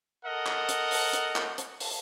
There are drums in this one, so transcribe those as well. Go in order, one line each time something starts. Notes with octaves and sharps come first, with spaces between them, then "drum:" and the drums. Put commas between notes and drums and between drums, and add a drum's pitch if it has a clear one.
A4 A#4 D#5 F#5
drum: clap
drum: hi-hat
drum: open hi-hat
drum: hi-hat
drum: clap
drum: hi-hat
drum: open hi-hat